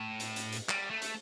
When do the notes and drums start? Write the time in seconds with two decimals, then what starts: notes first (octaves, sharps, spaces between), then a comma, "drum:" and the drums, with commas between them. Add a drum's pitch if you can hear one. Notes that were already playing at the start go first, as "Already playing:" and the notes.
Already playing: A2
0.20 drum: hi-hat
0.36 drum: hi-hat
0.53 drum: hi-hat
0.69 G3, drum: clap
0.91 A3
1.02 drum: hi-hat